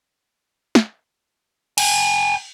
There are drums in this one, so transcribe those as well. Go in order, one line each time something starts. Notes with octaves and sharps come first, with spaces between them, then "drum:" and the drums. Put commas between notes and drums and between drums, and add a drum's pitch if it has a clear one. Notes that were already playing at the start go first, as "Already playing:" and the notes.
drum: snare
G5 G#5, drum: cymbal